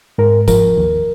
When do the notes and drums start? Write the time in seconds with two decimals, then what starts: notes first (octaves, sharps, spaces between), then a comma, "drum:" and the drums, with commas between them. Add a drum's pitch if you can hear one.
0.18 G#2 A#4
0.48 F3 A#4, drum: kick G1, tambourine
0.77 D#2